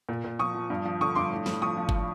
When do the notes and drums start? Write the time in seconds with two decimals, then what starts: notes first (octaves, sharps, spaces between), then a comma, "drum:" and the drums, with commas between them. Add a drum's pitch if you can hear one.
0.09 A#2
0.24 A#2
0.39 F3 C#6 D#6
0.54 F3
0.70 G2
0.85 F3
1.01 D3 C#6 D#6
1.15 G2 C6 D6
1.32 A2
1.46 A2, drum: snare
1.62 F3 C#6 D#6
1.77 F3
1.89 drum: kick G1